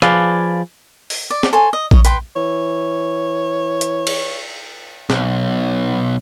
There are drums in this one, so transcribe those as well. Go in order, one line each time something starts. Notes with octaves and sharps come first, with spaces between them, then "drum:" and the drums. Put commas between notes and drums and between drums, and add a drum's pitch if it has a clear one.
F3 G#4 B4 D5 F5, drum: rim click
drum: open hi-hat
D5
drum: snare
A4 C5 C#5 G#5
D#5
C#5 D#5, drum: kick A#1
B4 G5 C6, drum: hi-hat
E3 C#5
drum: hi-hat
drum: cymbal
B1, drum: snare